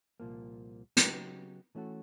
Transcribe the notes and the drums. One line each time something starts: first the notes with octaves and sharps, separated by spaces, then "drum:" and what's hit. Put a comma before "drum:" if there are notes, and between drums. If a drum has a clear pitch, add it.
C2 A#2 F3 A#3
C#3 F#3 B3 D#4 G4, drum: hi-hat
E3 A3 C#4 F#4 A4